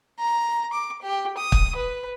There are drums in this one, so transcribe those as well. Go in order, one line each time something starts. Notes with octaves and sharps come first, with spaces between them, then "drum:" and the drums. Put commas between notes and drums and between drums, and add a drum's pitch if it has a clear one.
A#5
D6
G4
D#6
drum: kick
B4